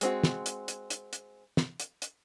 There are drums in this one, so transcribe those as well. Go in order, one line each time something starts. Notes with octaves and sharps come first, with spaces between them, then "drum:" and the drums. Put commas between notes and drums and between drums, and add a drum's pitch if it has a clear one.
G#3 C4 F#4, drum: hi-hat
drum: snare
drum: hi-hat
drum: hi-hat
drum: hi-hat
drum: hi-hat
drum: snare
drum: hi-hat
drum: hi-hat